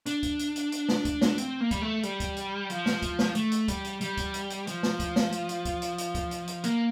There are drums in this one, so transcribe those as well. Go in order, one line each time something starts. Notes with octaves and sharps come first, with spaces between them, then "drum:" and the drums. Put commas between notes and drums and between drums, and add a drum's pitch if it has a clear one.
D4, drum: hi-hat
drum: kick C#2, hi-hat
drum: hi-hat
drum: hi-hat
drum: hi-hat
drum: snare
drum: kick C#2, hi-hat
drum: snare
C4, drum: hi-hat
A#3
G3, drum: kick C#2, hi-hat
A3
G3, drum: hi-hat
drum: kick C#2, hi-hat
drum: hi-hat
F3, drum: hi-hat
drum: snare
drum: kick C#2, hi-hat
drum: snare
A3, drum: hi-hat
drum: hi-hat
G3, drum: kick C#2, hi-hat
drum: hi-hat
G3, drum: hi-hat
drum: kick C#2, hi-hat
drum: hi-hat
drum: hi-hat
F3, drum: hi-hat
drum: snare
drum: kick C#2, hi-hat
drum: snare
drum: hi-hat
drum: hi-hat
drum: kick C#2, hi-hat
drum: hi-hat
drum: hi-hat
drum: kick C#2, hi-hat
drum: hi-hat
drum: hi-hat
A#3, drum: hi-hat